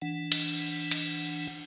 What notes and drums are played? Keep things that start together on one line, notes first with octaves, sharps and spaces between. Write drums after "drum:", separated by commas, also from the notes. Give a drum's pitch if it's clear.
E3 D4 F#5
drum: cymbal
drum: cymbal